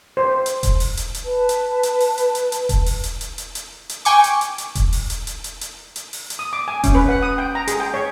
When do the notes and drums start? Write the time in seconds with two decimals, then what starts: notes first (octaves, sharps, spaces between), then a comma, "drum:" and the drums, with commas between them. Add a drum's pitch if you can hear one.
0.17 C5
0.46 drum: hi-hat
0.63 drum: kick E1, hi-hat
0.80 drum: open hi-hat
0.97 drum: hi-hat
1.15 drum: hi-hat
1.24 B4 A5
1.49 drum: hi-hat
1.83 drum: hi-hat
2.00 drum: open hi-hat
2.18 drum: hi-hat
2.35 drum: hi-hat
2.52 drum: hi-hat
2.69 drum: kick E1, hi-hat
2.86 drum: open hi-hat
3.04 drum: hi-hat
3.21 drum: hi-hat
3.38 drum: hi-hat
3.55 drum: hi-hat
3.89 drum: hi-hat
4.05 G5 G#5 C#6 D6, drum: open hi-hat
4.24 drum: hi-hat
4.41 drum: hi-hat
4.58 drum: hi-hat
4.75 drum: kick E1, hi-hat
4.93 drum: open hi-hat
5.10 drum: hi-hat
5.27 drum: hi-hat
5.44 drum: hi-hat
5.61 drum: hi-hat
5.96 drum: hi-hat
6.13 drum: open hi-hat
6.30 drum: hi-hat
6.39 D#6
6.53 D6
6.68 G#5
6.84 C#4, drum: kick E1, hi-hat
6.95 B4
7.09 F#5
7.23 D#6
7.38 G5
7.55 A#5
7.68 G#4, drum: hi-hat
7.80 G5
7.94 C#5